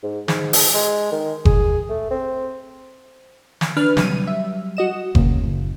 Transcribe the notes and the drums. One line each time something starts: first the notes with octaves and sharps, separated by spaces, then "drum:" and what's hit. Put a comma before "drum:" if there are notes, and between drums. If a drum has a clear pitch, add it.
G#2
G#2, drum: snare
drum: open hi-hat
G#3
D#3
G#4, drum: kick F#1
A3
C4
drum: snare
D4 B4 F6
C3 F#3 G3 D#7, drum: snare
E5
F#4 D#5 E7
C#2 C#3 A#3, drum: kick F#1
F#1